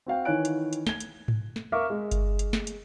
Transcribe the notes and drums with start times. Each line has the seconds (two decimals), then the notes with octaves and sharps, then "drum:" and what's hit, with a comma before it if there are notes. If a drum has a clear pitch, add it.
0.06 C4 F#4 F5 G5
0.25 D#3 E3 C#5 G#5 F#6 D7
0.45 drum: hi-hat
0.73 drum: hi-hat
0.87 G#6 G7, drum: snare
1.00 drum: hi-hat
1.28 drum: tom G#2
1.56 drum: snare
1.72 A#4 E5 F5 C#6 D6 F6
1.90 G#3
2.11 drum: kick G1, hi-hat
2.39 drum: hi-hat
2.53 drum: snare
2.67 drum: hi-hat